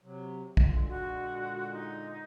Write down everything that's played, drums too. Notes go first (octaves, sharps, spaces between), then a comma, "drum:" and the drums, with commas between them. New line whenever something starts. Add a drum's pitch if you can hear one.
C3 F#3
A#2 D3 G#3, drum: kick
F#4
D#4